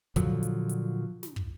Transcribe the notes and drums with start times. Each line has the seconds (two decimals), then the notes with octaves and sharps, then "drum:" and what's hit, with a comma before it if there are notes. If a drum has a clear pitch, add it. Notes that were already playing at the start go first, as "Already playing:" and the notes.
0.16 A#2 D3 F3 F#3, drum: kick, hi-hat
0.43 drum: hi-hat
0.69 drum: hi-hat
1.23 drum: snare
1.36 drum: kick